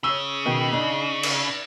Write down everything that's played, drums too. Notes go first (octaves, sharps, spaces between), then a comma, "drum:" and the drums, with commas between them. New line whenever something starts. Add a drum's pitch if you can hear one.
C#3 C#5 E6
B2 D#3 G5
D4 D#4
drum: cymbal